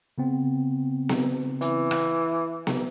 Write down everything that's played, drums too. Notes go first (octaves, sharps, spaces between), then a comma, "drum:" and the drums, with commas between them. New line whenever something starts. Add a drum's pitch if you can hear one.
C#3 B3 C4
drum: snare B3
E3, drum: hi-hat
drum: rim click
drum: snare B3